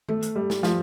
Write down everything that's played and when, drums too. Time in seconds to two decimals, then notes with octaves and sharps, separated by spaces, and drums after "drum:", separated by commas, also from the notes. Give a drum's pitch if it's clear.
0.09 A3, drum: tom D#3
0.23 drum: hi-hat
0.36 G3
0.50 drum: snare
0.63 F3, drum: snare